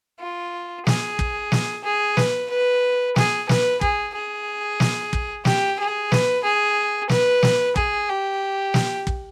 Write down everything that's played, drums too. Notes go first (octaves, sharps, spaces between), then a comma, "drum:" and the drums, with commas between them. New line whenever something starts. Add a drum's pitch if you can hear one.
F4
G#4, drum: snare
drum: kick
drum: snare
G#4
B4, drum: snare
B4
G#4, drum: snare
B4, drum: snare
G#4, drum: kick
G#4
drum: snare
drum: kick
G4, drum: snare
G#4
B4, drum: snare
G#4
B4, drum: snare
drum: snare
G#4, drum: kick
G4
drum: snare
drum: kick